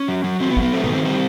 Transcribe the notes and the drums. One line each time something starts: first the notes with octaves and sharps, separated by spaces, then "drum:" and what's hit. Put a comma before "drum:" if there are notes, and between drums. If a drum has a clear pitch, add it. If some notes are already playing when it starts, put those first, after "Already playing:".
Already playing: C#4
F#3
F#3
F#3 C4
B3
F#3, drum: kick
B3
A3 C4
D#3 B3, drum: tom G#2
C4
G3 C4